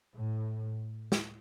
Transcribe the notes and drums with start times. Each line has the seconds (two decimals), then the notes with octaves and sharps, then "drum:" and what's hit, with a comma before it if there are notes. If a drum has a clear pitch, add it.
0.16 A2
1.12 drum: snare